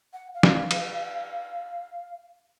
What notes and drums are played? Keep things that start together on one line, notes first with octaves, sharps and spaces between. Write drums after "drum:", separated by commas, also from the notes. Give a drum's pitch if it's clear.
F#5
F5
drum: snare
drum: cymbal